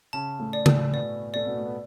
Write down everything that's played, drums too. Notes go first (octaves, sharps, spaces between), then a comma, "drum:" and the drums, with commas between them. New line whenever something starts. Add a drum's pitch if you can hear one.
C#3 C#4 A5
A2 A3
D5
A2 A3, drum: tom C#3
B2 B3 D5
A3 D5
B2 B3
A3
B3